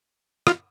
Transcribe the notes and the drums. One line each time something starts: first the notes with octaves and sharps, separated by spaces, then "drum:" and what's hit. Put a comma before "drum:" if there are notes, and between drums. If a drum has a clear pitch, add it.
F4, drum: rim click